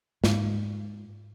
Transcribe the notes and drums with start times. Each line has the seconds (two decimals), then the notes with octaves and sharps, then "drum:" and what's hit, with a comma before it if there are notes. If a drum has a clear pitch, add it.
0.24 G#2, drum: snare